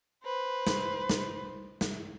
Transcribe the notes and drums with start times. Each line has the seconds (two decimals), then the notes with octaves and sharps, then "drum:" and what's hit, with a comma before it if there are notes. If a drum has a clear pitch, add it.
0.24 B4 C5
0.67 drum: snare
1.09 drum: snare
1.81 drum: snare